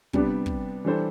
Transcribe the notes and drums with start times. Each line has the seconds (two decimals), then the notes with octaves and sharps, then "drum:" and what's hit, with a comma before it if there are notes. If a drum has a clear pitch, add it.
0.13 C3 G3 B3 D4 G4, drum: kick
0.46 drum: kick
0.85 E3 G3 D4 A4 C5